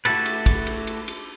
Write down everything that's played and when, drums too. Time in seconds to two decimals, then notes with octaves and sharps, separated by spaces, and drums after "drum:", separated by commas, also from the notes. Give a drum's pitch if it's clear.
0.05 A3 E4 F#4 G4 A4 B4, drum: cymbal
0.26 drum: cymbal
0.46 drum: kick, cymbal
0.67 drum: cymbal
0.87 drum: cymbal
1.08 drum: cymbal